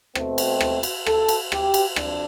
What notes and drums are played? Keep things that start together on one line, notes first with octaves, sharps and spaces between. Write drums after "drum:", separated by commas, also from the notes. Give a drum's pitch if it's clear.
B2 A3 C4, drum: rim click
drum: cymbal
drum: rim click
drum: cymbal
A4, drum: rim click
drum: cymbal
G4, drum: rim click
drum: cymbal
F2 D4, drum: rim click